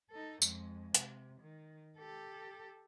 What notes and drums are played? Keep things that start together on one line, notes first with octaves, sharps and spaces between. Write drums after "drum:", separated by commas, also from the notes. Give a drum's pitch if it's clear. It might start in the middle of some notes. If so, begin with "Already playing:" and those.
D#4 A4
F2 G#3, drum: tambourine
C3, drum: hi-hat
D#3
G4 A4